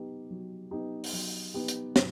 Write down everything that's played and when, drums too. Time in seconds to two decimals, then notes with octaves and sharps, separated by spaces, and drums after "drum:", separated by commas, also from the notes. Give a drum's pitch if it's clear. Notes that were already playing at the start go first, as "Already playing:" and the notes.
Already playing: F#3 B3 D#4 G4
0.30 F#3
0.71 B3 D#4 G4
1.04 drum: open hi-hat
1.13 F#3
1.54 B3 D#4 G4
1.68 drum: hi-hat
1.96 F#3, drum: snare